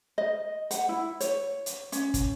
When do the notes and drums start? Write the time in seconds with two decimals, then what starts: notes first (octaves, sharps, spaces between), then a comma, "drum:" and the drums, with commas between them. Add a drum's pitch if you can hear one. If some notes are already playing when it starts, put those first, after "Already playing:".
0.18 D#5
0.71 F#5, drum: hi-hat
0.89 E4
1.20 C#5, drum: hi-hat
1.66 drum: hi-hat
1.92 C#4, drum: hi-hat
2.14 drum: kick, hi-hat